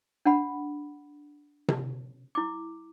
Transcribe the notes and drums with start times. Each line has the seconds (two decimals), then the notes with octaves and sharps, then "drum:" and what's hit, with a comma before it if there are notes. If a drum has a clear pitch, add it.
0.25 D4 F#5 B5
1.68 drum: tom C3
2.35 E4 D6